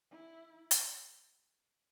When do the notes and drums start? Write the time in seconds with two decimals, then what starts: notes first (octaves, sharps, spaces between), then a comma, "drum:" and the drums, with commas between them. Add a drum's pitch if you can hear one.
0.11 E4
0.71 drum: hi-hat